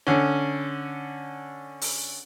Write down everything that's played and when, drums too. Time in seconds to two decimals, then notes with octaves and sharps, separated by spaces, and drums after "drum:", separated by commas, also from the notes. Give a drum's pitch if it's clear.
0.07 D3 C#4
1.81 drum: open hi-hat